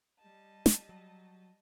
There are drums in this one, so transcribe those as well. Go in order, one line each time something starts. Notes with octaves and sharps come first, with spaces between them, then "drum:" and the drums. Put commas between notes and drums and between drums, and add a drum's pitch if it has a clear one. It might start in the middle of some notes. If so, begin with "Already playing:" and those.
G3 D#5 A5
drum: snare
F#3